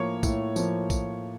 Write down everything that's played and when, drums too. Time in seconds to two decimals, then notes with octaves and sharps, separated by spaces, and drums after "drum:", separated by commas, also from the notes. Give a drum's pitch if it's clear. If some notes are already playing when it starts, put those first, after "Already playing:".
Already playing: A2 F3 A#3 C#5
0.23 A2, drum: kick B1, tambourine
0.56 F3 A#3, drum: tambourine
0.90 drum: kick B1, tambourine